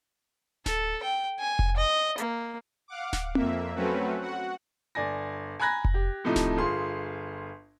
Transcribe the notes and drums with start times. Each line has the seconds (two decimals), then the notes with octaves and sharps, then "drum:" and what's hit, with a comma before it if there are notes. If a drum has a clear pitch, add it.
0.66 A4, drum: snare D1
1.03 G5
1.39 G#5
1.59 drum: kick F1
1.77 D#5
2.18 A#3, drum: hi-hat
2.88 F5 F#5 D6
3.13 drum: snare D1
3.35 F2 A#3 E5, drum: tom C4
3.75 F#3 A3 C4 C#4 F#4 B4
4.21 F#4 F#5
4.95 G1 D5 G#5 A#6
5.60 G#5 A#5 B5 F#6 G#6 A#6
5.85 drum: kick F1
5.94 G4
6.24 A2 C3 F3 A3 D#4
6.36 drum: snare D1
6.57 G1 F4 G#4 C6